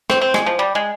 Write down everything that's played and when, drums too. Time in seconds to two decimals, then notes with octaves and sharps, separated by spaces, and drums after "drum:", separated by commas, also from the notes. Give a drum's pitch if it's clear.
0.10 C4, drum: rim click
0.21 C4
0.34 G#3, drum: rim click
0.46 F3
0.59 G3
0.75 G#3